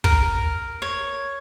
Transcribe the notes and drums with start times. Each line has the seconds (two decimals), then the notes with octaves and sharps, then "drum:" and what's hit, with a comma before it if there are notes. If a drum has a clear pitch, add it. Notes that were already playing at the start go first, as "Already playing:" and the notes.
0.04 A#4, drum: kick
0.82 C#5